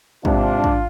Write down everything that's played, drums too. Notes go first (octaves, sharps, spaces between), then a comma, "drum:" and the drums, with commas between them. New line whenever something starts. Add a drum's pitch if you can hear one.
G#2 C3 D4 F4, drum: kick
drum: kick